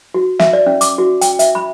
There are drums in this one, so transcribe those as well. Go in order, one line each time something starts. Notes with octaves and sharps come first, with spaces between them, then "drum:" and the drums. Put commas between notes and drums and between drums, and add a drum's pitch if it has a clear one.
F#4
E5, drum: snare
D5
C#4
D6, drum: hi-hat
F#4
G5, drum: hi-hat
E5, drum: hi-hat
B5